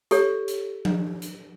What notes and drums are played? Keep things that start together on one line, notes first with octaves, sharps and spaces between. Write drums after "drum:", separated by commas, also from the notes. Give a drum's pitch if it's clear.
G4 A4 C#5, drum: hi-hat
drum: hi-hat
drum: tom F3
drum: hi-hat